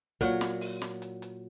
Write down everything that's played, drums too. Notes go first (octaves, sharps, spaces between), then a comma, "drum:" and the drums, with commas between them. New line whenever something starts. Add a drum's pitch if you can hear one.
A#2 F#3 C#5 F#5, drum: kick, hi-hat
drum: snare
drum: open hi-hat
drum: snare
drum: hi-hat
drum: hi-hat